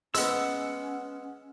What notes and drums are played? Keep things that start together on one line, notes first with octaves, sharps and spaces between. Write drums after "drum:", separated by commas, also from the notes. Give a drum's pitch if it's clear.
G#3 B3 C#4 F#5 E6, drum: hi-hat